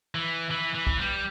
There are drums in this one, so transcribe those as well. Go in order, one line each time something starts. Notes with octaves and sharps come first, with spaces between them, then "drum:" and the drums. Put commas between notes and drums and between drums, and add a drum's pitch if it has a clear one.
E3
E3
E3
drum: kick B1
G3